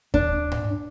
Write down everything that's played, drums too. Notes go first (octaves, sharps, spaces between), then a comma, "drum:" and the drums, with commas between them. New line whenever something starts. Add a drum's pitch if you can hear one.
D4, drum: kick D#2
drum: tom G#2